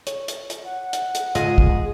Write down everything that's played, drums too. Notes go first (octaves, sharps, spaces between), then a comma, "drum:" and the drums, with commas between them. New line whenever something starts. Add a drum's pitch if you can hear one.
C#5, drum: hi-hat
drum: hi-hat
drum: hi-hat
F#5
drum: hi-hat
drum: hi-hat
G#2 C#3 G#3 F4 G#4 D#5, drum: hi-hat
drum: kick